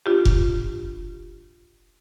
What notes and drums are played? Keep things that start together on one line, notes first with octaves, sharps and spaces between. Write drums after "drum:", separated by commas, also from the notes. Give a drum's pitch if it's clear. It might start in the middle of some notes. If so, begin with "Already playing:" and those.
D4 F4 G4
drum: kick F1